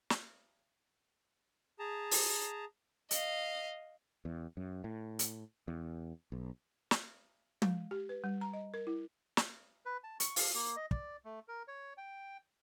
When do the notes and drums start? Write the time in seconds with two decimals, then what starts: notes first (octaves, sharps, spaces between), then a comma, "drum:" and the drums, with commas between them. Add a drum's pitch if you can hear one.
0.10 drum: snare
1.79 G#4 A5 A#5
2.11 drum: open hi-hat
3.11 D#5 F5, drum: hi-hat
4.25 E2
4.57 F#2
4.84 A2
5.19 drum: hi-hat
5.68 E2
6.32 B1
6.91 drum: snare
7.62 G#3, drum: tom
7.91 G4
8.09 B4
8.24 G3
8.41 A#5
8.53 D#5
8.74 A#4
8.87 E4
9.37 drum: snare
9.86 B4
10.04 A5
10.20 C#6, drum: hi-hat
10.36 F5, drum: open hi-hat
10.54 A#3
10.76 D#5
10.91 D5, drum: kick
11.25 A3
11.48 A#4
11.68 C#5
11.97 G5